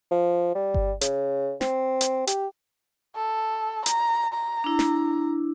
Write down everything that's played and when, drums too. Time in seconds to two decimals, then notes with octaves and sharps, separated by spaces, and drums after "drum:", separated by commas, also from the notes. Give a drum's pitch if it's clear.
0.11 F3
0.55 G3
0.74 drum: kick G1
1.01 C#3, drum: hi-hat
1.61 C4, drum: snare
2.01 drum: hi-hat
2.27 G4, drum: hi-hat
3.16 A4
3.86 A#5, drum: hi-hat
4.34 A#5
4.64 D4 E4
4.79 drum: snare